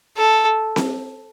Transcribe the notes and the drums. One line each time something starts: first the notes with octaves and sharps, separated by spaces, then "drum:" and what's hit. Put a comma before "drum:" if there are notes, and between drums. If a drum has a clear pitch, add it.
A4
drum: snare C4